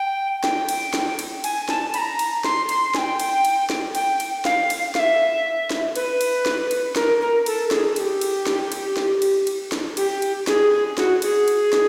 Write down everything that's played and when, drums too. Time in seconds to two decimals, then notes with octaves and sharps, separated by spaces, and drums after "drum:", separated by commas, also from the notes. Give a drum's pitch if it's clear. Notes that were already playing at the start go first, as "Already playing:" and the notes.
Already playing: G5
0.44 G5, drum: snare
0.69 drum: cymbal
0.94 drum: snare
1.19 drum: cymbal
1.44 G#5, drum: cymbal
1.69 A5, drum: snare
1.94 B5, drum: cymbal
1.98 A#5
2.19 drum: cymbal
2.44 C6, drum: snare
2.69 C6, drum: cymbal
2.95 G#5, drum: snare
2.98 G5
3.20 drum: cymbal
3.45 drum: cymbal
3.70 drum: snare
3.95 G5, drum: cymbal
4.20 drum: cymbal
4.45 F5, drum: snare
4.70 drum: cymbal
4.95 F5, drum: snare
4.99 E5
5.70 drum: snare
5.96 B4, drum: cymbal
6.21 drum: cymbal
6.46 drum: snare
6.71 drum: cymbal
6.96 A#4, drum: snare
7.21 A#4
7.46 A4, drum: cymbal
7.71 G#4, drum: snare
7.96 G#4, drum: cymbal
8.00 G4
8.21 drum: cymbal
8.47 drum: snare
8.72 drum: cymbal
8.97 drum: snare
9.22 drum: cymbal
9.47 drum: cymbal
9.72 drum: snare
9.97 G4, drum: cymbal
10.22 drum: cymbal
10.47 G#4, drum: snare
10.98 F#4, drum: snare
11.22 G#4, drum: cymbal
11.48 drum: cymbal
11.73 drum: snare